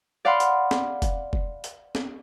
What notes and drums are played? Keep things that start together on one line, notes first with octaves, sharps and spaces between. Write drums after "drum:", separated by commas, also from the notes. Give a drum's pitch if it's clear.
D5 F5 F#5 B5 C6
drum: hi-hat
drum: snare
drum: kick, hi-hat
drum: kick
drum: hi-hat
drum: snare